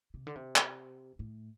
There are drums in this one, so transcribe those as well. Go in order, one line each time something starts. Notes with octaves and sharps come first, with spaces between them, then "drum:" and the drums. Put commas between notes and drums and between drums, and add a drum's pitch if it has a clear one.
C3
D3
C3
drum: clap
A2